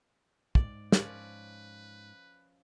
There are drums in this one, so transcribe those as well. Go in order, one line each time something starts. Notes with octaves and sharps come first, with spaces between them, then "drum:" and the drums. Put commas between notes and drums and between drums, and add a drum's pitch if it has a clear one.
G#2 D5, drum: kick
F3 C#4 A#4 B4 D5, drum: snare